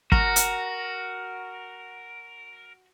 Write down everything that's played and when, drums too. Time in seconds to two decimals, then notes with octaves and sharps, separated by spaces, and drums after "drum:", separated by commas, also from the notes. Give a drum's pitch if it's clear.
0.12 F#4 A#4, drum: kick
0.36 drum: hi-hat